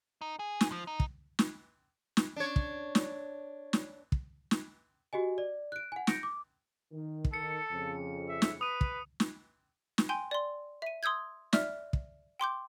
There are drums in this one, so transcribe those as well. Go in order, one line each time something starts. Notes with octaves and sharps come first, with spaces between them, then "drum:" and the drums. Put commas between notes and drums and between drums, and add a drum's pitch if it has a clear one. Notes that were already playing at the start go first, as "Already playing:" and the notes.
D#4
G#4
drum: snare
F3
D#4
drum: kick
drum: snare
drum: snare
D4 C#5
drum: kick
drum: snare
drum: snare
drum: kick
drum: snare
F#4 G4 D#5 G#5
D5
F#6 D7
F#5 G#5
G6 A#6 C#7 D7, drum: snare
D6
D#3
drum: kick
D#3 A4 C#7
F2 C#3
E5
drum: snare
B4 D#6 D#7
drum: kick
drum: snare
drum: snare
G5 G#5 C6 G6
D5 C6
E5 D#7
C6 D#6 E6 G6 G#6
D5 E5 F6, drum: snare
drum: kick
G5 C6 D6 G6